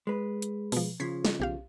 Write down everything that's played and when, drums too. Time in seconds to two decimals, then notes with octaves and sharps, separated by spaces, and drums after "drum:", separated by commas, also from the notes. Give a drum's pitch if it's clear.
0.07 G#3 B4
0.42 drum: hi-hat
0.72 B2 F3, drum: open hi-hat
1.00 C#3 F3 G#6 B6 C7
1.25 drum: snare
1.40 B1 G4 F5